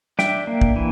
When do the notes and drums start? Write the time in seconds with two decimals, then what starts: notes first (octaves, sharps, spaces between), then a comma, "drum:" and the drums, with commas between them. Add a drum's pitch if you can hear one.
0.19 D4 E5 G5, drum: snare
0.47 A#3
0.61 drum: kick
0.76 E3